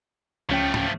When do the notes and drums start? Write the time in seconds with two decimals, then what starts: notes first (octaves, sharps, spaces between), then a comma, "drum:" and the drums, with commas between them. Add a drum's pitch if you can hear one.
0.49 C#2 F3 A3 C#4 G5
0.74 drum: tom G#2